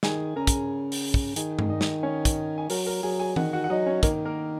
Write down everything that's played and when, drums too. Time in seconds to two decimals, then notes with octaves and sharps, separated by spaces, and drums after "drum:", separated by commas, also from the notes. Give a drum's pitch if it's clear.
0.03 D#3 G#4 G#5, drum: snare
0.36 C#3 A#4 A#5
0.47 drum: kick, hi-hat
0.92 drum: open hi-hat
1.14 drum: kick
1.36 D#3 G#4 G#5, drum: hi-hat
1.59 drum: tom G2
1.70 D#4 D#5
1.81 drum: snare
2.03 C#4 C#5
2.25 drum: kick, hi-hat
2.58 G#5
2.70 F#3 A#4 A#5, drum: open hi-hat
2.86 A#4 A#5
3.03 F#3 G#4 G#5
3.20 G#4 G#5
3.36 D#3 F#4 F#5, drum: tom E3
3.53 F#4 F#5
3.64 F#5
3.70 F#3 D#4 D#5
3.86 C#4 C#5
4.03 D#3 A#3 A#4, drum: kick, hi-hat
4.25 A#3 A#4